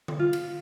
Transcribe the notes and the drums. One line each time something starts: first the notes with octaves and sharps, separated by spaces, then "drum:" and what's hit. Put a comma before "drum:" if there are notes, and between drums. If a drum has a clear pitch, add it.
drum: tom D3
F4
drum: cymbal